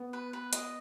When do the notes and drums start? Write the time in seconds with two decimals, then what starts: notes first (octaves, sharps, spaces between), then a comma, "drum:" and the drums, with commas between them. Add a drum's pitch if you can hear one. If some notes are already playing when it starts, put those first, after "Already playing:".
Already playing: B3
0.13 B4
0.33 B4
0.53 D#5, drum: hi-hat